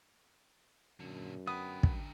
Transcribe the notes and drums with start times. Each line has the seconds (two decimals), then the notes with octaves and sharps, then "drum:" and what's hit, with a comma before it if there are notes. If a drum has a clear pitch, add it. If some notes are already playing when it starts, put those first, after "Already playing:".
1.00 F#2 A#2 D3
1.47 D3 B3 G5 D#6
1.83 drum: kick